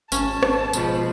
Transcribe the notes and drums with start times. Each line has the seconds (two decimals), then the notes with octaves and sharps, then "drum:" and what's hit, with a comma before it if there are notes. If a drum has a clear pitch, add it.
0.12 G#1 C#4 A5, drum: tambourine
0.43 drum: rim click
0.73 B2 F3 G#3, drum: tambourine